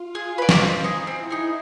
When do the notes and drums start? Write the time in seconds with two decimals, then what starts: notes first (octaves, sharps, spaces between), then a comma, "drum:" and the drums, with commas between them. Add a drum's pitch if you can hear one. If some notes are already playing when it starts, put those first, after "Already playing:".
Already playing: F4
0.15 G#4
0.38 B4 D5
0.49 drum: snare
0.61 C4
0.84 D#4 G#4
1.07 C4 E4
1.30 D#4 G#4